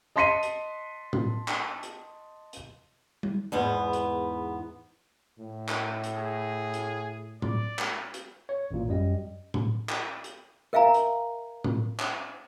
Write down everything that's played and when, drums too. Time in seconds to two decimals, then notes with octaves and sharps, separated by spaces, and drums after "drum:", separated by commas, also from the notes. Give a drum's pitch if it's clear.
0.16 D#5 A5 C6 B6 C#7 D#7
0.43 drum: hi-hat
1.13 drum: tom A2
1.48 drum: clap
1.83 drum: hi-hat
2.53 drum: hi-hat
3.23 drum: tom G3
3.52 E2 G#2 B3
3.93 drum: hi-hat
5.38 A2
5.69 drum: clap
6.04 drum: hi-hat
6.17 G#4
6.74 drum: hi-hat
7.42 D5, drum: tom A2
7.79 drum: clap
8.14 drum: hi-hat
8.49 C#5
8.71 A1 A#2
8.88 F#2 G3 D#5
9.54 drum: tom A2
9.89 drum: clap
10.24 drum: hi-hat
10.73 A#4 E5 F5 G#5 A#5
10.94 drum: hi-hat
11.64 drum: tom A2
11.99 drum: clap